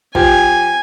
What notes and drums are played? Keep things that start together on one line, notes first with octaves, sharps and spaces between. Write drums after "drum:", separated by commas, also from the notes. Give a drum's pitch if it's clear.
F3 G4 G#5, drum: kick